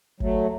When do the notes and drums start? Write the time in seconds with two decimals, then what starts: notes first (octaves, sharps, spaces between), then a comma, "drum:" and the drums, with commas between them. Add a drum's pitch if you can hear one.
0.20 F#3 A3, drum: kick G1